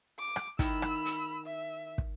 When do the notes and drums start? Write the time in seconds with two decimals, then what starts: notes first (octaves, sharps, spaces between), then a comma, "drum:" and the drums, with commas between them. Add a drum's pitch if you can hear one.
0.19 D6
0.36 drum: rim click
0.59 D#3 E4 B5 E6, drum: kick, hi-hat
0.82 drum: rim click
1.05 drum: hi-hat
1.46 E5
1.98 drum: kick